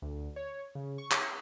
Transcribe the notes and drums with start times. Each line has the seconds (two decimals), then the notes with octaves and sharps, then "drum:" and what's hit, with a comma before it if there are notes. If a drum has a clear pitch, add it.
0.02 D2
0.36 C#5
0.75 C#3
0.98 C#6
1.12 drum: clap